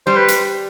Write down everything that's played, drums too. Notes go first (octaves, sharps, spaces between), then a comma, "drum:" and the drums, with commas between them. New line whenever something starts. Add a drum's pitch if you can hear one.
G3 C5
B4
drum: hi-hat